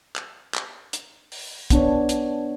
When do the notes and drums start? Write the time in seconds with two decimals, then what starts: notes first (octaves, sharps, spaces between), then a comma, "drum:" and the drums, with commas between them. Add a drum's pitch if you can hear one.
0.16 drum: clap
0.55 drum: clap
0.93 drum: hi-hat
1.32 drum: open hi-hat
1.70 B3 D4 C#5, drum: kick, hi-hat
2.09 drum: hi-hat